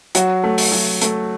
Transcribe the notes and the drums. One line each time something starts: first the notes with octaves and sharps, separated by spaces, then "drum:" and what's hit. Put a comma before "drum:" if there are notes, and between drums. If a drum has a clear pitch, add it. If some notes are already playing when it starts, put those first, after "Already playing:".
F#3 F#4, drum: hi-hat
A3
drum: open hi-hat
F#3
A3, drum: hi-hat